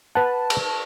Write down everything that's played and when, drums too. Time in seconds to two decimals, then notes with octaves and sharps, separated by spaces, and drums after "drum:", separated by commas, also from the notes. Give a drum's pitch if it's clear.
0.15 B4 F#5 A5
0.50 drum: cymbal